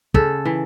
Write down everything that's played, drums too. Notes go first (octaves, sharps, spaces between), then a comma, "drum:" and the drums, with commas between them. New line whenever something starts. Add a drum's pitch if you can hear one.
C#3 A4, drum: kick
E3